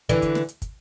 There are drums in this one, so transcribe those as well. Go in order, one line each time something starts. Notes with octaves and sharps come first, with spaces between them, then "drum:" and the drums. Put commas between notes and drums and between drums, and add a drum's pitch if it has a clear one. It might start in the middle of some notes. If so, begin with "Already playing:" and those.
D3 E3, drum: kick, hi-hat
drum: kick, hi-hat
drum: snare
drum: hi-hat
drum: kick, hi-hat